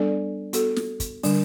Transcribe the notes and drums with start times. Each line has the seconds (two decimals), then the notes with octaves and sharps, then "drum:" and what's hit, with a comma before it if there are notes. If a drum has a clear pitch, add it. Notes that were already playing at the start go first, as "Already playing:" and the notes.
Already playing: G3 B3 D4 A4 D5
0.53 B3 F#4 A4, drum: hi-hat
0.76 drum: snare
1.00 drum: kick, hi-hat
1.23 D3 G3 D4, drum: open hi-hat